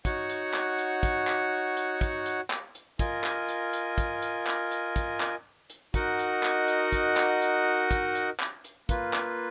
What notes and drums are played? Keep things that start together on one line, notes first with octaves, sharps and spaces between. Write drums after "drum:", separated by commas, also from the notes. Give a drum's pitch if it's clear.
D#4 F#4 C#5 F#5, drum: kick, hi-hat
drum: hi-hat
drum: clap
drum: hi-hat
drum: kick, hi-hat
drum: clap
drum: hi-hat
drum: kick, hi-hat
drum: hi-hat
drum: clap
drum: hi-hat
F4 A#4 D#5 G#5, drum: kick, hi-hat
drum: clap
drum: hi-hat
drum: hi-hat
drum: kick, hi-hat
drum: hi-hat
drum: clap
drum: hi-hat
drum: kick, hi-hat
drum: clap
drum: hi-hat
D#4 F#4 A#4 D#5 F#5, drum: kick, hi-hat
drum: hi-hat
drum: clap
drum: hi-hat
drum: kick, hi-hat
drum: clap
drum: hi-hat
drum: kick, hi-hat
drum: hi-hat
drum: clap
drum: hi-hat
A#3 F4 B4, drum: kick, hi-hat
drum: clap